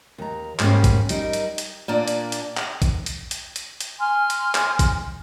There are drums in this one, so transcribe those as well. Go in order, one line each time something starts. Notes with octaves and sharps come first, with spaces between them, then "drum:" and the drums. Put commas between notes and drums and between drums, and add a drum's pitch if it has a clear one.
D#2 A#5
G#2 G3 A#3 C#4, drum: clap
drum: kick, hi-hat
G3 D#4 A#4, drum: hi-hat
drum: hi-hat
drum: hi-hat
A#2 A#3 D4
drum: hi-hat
drum: hi-hat
drum: clap
drum: kick, hi-hat
drum: hi-hat
drum: hi-hat
drum: hi-hat
drum: hi-hat
G#5 C6 F6
drum: hi-hat
drum: clap
drum: kick, hi-hat